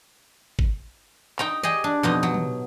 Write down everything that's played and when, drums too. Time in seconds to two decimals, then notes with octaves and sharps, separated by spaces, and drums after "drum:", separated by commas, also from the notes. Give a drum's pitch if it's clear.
0.59 drum: kick
1.39 D#4 G5 A#5, drum: clap
1.63 G4 G#4 D#5
1.84 D4
2.03 F2 B2 D#4
2.23 F#3
2.34 drum: tom